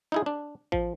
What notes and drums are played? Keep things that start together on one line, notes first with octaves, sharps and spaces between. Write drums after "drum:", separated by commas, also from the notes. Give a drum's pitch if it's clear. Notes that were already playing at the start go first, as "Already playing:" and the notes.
D#4 E4 G#4
D4
F3, drum: kick A1